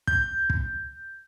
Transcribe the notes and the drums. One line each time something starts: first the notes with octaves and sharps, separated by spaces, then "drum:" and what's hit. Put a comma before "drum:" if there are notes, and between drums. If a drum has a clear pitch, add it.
G6, drum: kick
drum: kick